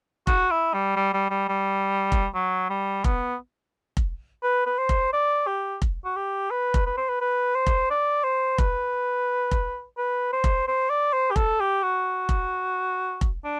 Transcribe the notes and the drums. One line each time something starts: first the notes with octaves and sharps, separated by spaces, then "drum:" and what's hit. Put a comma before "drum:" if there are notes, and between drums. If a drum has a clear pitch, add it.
F#4, drum: kick F1
E4
G3
G3
G3
G3
G3
drum: kick F1
F#3
G3
B3, drum: kick F1
drum: kick F1
B4
B4
C5
drum: kick F1
D5
G4
drum: kick F1
F#4
G4
B4
drum: kick F1
B4
C5
B4
B4
C5
drum: kick F1
D5
C5
B4, drum: kick F1
drum: kick F1
B4
C5
drum: kick F1
C5
D5
C5
G4
A4, drum: kick F1
G4
F#4
drum: kick F1
drum: kick F1
D4